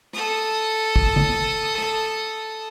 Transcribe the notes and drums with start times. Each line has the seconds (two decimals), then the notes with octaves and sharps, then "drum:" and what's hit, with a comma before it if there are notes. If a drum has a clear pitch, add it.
0.13 A4 D#6, drum: rim click
0.96 drum: kick
1.16 drum: tom C#3
1.78 drum: rim click